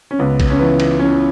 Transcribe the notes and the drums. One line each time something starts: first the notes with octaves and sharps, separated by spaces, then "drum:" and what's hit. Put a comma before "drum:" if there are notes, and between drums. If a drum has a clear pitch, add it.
C#4
C#2 B3
drum: kick A#1, cymbal
C#4
E3 B3
drum: cymbal
E3 C#4